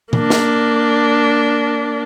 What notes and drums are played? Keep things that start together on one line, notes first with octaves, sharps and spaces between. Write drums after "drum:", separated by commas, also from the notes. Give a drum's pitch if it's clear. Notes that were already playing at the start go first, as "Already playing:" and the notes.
A#3 D4, drum: tom A#2
drum: snare